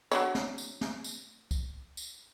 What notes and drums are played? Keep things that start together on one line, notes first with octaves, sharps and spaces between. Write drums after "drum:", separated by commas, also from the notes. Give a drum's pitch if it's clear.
F#3 D4 C#5, drum: tambourine
drum: snare
drum: tambourine
drum: snare
drum: tambourine
drum: kick, tambourine
drum: tambourine